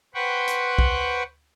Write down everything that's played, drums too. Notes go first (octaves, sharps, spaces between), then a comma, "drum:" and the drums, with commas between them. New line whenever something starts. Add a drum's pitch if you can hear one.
B4 C5 F#5 G5 B5 C#6
drum: hi-hat
drum: kick B1